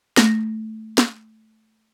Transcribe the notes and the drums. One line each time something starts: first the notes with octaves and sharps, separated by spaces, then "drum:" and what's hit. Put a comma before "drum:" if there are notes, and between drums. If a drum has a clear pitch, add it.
A3 A#6, drum: snare
drum: snare